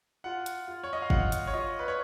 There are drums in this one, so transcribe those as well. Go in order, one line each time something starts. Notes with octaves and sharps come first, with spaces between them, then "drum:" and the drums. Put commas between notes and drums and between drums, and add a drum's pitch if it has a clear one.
F4 F#5
drum: hi-hat
F4
C#5
D#5
F5
F4 F#5, drum: kick
drum: hi-hat
C#5
F4 D#5
B4
C#5